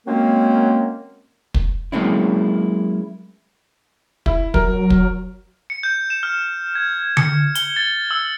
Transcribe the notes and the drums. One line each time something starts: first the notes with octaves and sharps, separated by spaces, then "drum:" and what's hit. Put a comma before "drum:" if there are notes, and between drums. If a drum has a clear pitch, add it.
F#3 G#3 A#3 C4 C#4 A#4
drum: kick
F#3 G#3 A#3 C4 C#4 E4
E4, drum: kick
F#3 A#4, drum: kick
drum: kick
C#7
G6
E7
F6
G#6
C#7, drum: tom D3
G7, drum: hi-hat
A6
E6